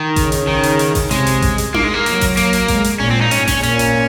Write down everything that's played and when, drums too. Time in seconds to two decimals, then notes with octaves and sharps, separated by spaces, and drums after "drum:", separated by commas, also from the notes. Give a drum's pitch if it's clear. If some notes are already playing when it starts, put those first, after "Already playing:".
Already playing: D#3
0.16 C#3, drum: kick A1, hi-hat
0.32 drum: hi-hat
0.47 D#3
0.63 drum: hi-hat
0.79 drum: hi-hat
0.95 drum: kick A1, open hi-hat
1.11 C3 G#3, drum: hi-hat
1.27 drum: hi-hat
1.42 drum: kick A1, hi-hat
1.58 drum: hi-hat
1.74 A#3, drum: tom D4
1.84 G#3
1.94 A#3
2.06 F#3, drum: hi-hat
2.21 drum: kick A1, open hi-hat
2.37 A#3, drum: hi-hat
2.53 drum: hi-hat
2.68 G#3, drum: kick A1, hi-hat
2.84 drum: hi-hat
3.00 A#2 C#4
3.11 C4
3.21 D#4
3.31 G#2 C#4, drum: hi-hat
3.48 C#4, drum: kick A1, open hi-hat
3.63 A#2 C#4, drum: hi-hat
3.79 drum: hi-hat